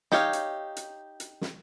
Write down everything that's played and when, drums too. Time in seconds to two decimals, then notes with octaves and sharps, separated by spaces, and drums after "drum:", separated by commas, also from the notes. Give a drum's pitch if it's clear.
0.12 D#4 G4 C#5 F5, drum: snare
0.33 drum: hi-hat
0.76 drum: hi-hat
1.20 drum: hi-hat
1.41 drum: snare